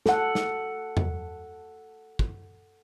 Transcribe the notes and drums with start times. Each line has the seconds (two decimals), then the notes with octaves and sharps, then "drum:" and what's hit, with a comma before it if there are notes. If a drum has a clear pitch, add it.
0.06 A4 F#5, drum: snare
0.35 drum: snare
0.97 drum: tom E2
2.19 drum: kick